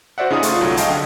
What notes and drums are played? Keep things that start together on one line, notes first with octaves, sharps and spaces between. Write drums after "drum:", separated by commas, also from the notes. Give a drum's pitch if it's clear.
F#4 C5 D5 E5 F#5
C#3 D#4 F4 G#4 D#6
A3 F4 C#6, drum: hi-hat
G1 C2 F#3
D#5 F5 G5 A5, drum: hi-hat
D3